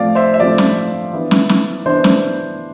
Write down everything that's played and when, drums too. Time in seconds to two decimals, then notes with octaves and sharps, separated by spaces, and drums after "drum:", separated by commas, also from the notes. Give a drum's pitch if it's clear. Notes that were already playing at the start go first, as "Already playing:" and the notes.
Already playing: A2 F3 A3 C4 D5 F5
0.15 C5 E5
0.34 E5
0.40 A2 F3 A3 C4 D5
0.58 drum: snare
1.13 E3 B3 D4
1.31 drum: snare
1.49 drum: snare
1.86 E3 B3 D4 C5
2.04 drum: snare